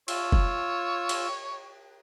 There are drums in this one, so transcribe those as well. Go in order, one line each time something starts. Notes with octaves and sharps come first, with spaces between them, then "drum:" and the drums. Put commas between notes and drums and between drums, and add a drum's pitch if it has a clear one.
F4 C#5 E6, drum: cymbal
drum: kick
drum: cymbal